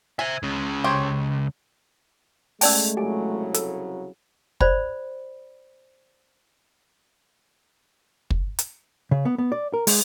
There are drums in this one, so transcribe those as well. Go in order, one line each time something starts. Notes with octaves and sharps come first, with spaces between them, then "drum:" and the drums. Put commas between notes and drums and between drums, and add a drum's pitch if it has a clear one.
C5 E5 G#5
C#2 C#3
G4 C5 C#5
G#3 A3 C#4 D5 G5 A5 E6, drum: open hi-hat
C2 C#3 F#3 G4 G#5
A4, drum: hi-hat
C5 D5 B5, drum: kick
drum: kick
drum: hi-hat
C#3
B3
B3
D5
A#4
G#3, drum: open hi-hat